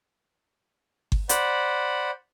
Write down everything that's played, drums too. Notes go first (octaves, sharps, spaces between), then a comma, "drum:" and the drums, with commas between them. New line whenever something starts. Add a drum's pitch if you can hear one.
drum: kick G1
C5 D5 F#5 B5, drum: hi-hat